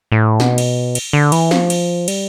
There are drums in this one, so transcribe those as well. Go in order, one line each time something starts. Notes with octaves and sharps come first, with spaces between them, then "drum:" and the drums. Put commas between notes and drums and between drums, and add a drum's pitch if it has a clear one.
A2
B2, drum: snare
drum: cymbal
drum: cymbal
D3
E3, drum: cymbal
F3, drum: snare
drum: cymbal
G3, drum: cymbal